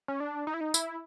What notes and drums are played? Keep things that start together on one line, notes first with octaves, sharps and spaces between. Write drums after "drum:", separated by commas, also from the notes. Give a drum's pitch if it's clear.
C#4
D4
D#4
E4
D#4
E4, drum: tambourine